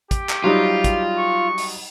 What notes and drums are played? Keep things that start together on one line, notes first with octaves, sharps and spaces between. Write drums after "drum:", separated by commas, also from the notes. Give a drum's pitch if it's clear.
G4, drum: kick, hi-hat
drum: clap
F#3 G3 D#4 F4
drum: kick, hi-hat
C#6
drum: open hi-hat